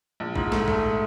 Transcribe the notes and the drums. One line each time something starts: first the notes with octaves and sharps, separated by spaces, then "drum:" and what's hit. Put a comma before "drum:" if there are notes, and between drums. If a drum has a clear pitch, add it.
A#1
G#2, drum: kick
A3, drum: snare
A3, drum: kick